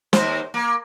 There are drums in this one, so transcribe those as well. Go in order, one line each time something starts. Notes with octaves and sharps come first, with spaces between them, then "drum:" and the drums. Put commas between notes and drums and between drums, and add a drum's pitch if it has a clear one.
D#2 C5, drum: snare
A#3